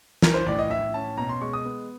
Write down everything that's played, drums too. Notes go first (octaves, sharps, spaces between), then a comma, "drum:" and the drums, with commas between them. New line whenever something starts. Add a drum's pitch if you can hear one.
E3 A#4, drum: snare
C5
A2 D5
D#5
A2 E5
C#4 A5
B2 A#5
C6
G#3 C#6
D#6
B3